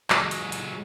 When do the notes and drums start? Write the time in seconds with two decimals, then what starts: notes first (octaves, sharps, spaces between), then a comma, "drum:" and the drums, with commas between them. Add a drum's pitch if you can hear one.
0.10 F#3 G#3, drum: clap
0.31 drum: hi-hat
0.52 drum: hi-hat